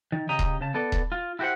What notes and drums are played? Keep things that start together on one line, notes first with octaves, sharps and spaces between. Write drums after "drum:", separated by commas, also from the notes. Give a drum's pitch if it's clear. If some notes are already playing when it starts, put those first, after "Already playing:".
D#3
C#3 G4 D#5 A#5
drum: kick D#1
C#3 A5
B3 A4 D5
drum: kick D#1
F4
E4 F#4 G4 A4 C5 F#5